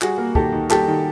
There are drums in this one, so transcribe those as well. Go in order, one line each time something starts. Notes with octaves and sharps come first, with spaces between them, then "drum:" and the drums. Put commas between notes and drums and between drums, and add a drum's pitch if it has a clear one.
G3 F#4 G#4, drum: clap
A#3
D#3 G4 A4, drum: kick
D#3
G3 G4 A4, drum: clap
D#3